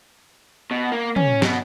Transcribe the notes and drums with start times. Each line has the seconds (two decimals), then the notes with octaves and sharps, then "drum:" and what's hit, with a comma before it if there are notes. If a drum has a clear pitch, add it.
0.71 B2
0.92 A#3
1.16 C#4, drum: tom
1.42 B2, drum: snare